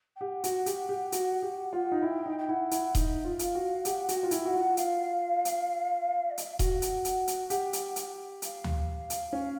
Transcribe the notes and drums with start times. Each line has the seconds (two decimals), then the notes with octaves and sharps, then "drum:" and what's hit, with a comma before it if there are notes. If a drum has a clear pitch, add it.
0.15 G5
0.20 G4 F#5
0.44 F#4, drum: hi-hat
0.66 G4, drum: hi-hat
0.89 G4
1.12 F#4, drum: hi-hat
1.42 G4
1.73 F4
1.92 D#4
2.02 E4 G5
2.26 D#4
2.38 G5
2.49 E4 F#5
2.71 E4, drum: hi-hat
2.95 D#4 E5, drum: kick D#1, hi-hat
3.24 F4 E5
3.39 F5, drum: hi-hat
3.55 F#4
3.85 G4 F#5, drum: hi-hat
4.09 F#4, drum: hi-hat
4.16 G5
4.23 F4
4.31 E4, drum: hi-hat
4.45 F#4 F#5
4.53 F4
4.77 F5, drum: hi-hat
5.45 drum: hi-hat
6.30 D5
6.38 D#5, drum: hi-hat
6.44 E5
6.52 F5
6.59 F#4 F#5, drum: kick D#1, hi-hat
6.82 drum: hi-hat
7.05 drum: hi-hat
7.27 drum: hi-hat
7.50 G4, drum: hi-hat
7.73 drum: hi-hat
7.96 drum: hi-hat
8.42 F5, drum: hi-hat
8.64 drum: tom D2
9.10 drum: hi-hat
9.33 C#4